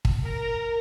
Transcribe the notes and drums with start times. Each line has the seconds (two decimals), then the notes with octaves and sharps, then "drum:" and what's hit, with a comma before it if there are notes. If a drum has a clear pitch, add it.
0.05 drum: kick
0.24 A#4